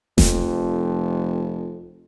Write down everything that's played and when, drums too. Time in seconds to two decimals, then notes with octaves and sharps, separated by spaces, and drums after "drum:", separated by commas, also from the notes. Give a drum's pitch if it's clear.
0.18 F1 F2, drum: snare E1